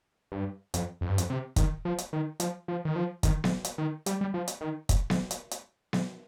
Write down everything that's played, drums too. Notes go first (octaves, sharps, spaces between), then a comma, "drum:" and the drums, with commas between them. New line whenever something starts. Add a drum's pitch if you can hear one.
G2
F2, drum: hi-hat
F2
G2
F2, drum: hi-hat
C3
D#3, drum: kick, hi-hat
F3
drum: hi-hat
D#3
F3, drum: hi-hat
F3
D#3
F3
D#3, drum: kick, hi-hat
drum: snare B3
drum: hi-hat
D#3
G3, drum: hi-hat
G3
F3
drum: hi-hat
D#3
drum: kick, hi-hat
drum: snare B3
drum: hi-hat
drum: hi-hat
drum: snare B3